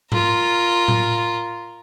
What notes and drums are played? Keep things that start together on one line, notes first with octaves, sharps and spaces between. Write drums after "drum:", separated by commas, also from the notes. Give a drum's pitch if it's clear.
F4 A#4, drum: tom G#2
drum: tom A2